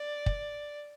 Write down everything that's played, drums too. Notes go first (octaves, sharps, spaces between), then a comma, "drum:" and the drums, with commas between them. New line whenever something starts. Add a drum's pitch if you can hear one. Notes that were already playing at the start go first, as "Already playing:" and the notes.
Already playing: D5
drum: kick